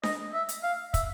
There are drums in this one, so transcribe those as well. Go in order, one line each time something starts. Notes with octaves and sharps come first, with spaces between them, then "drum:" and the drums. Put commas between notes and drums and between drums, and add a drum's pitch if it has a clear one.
D#5, drum: snare D4
E5
drum: hi-hat
F5
E5, drum: kick, hi-hat